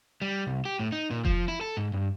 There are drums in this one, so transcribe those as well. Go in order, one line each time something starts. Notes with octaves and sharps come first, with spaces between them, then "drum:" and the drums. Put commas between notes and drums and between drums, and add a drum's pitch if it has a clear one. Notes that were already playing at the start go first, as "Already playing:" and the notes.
G3
C2
G4
A2
D#4
A#2
F3, drum: kick F1
E4
A4
G#2
G2